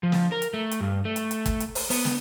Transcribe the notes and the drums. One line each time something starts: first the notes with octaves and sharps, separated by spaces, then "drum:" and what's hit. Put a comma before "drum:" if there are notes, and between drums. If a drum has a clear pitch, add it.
F3
drum: snare
A#4
drum: hi-hat
A3
drum: hi-hat
G2
A3
drum: hi-hat
drum: hi-hat
drum: kick, hi-hat
drum: hi-hat
drum: open hi-hat
B3, drum: open hi-hat
drum: snare